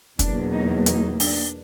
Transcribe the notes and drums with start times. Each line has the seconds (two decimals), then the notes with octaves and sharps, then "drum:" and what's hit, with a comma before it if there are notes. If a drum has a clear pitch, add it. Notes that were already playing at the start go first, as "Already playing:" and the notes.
0.19 E2 B2 F#3 A#3 D4, drum: kick, hi-hat
0.53 D#4
0.86 D#4, drum: hi-hat
1.20 D4, drum: open hi-hat